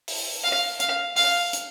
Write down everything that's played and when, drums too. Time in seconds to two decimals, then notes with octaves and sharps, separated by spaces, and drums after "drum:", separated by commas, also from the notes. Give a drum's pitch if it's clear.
0.08 drum: open hi-hat
0.44 F5
0.80 F5, drum: hi-hat
1.16 F5, drum: open hi-hat
1.53 drum: hi-hat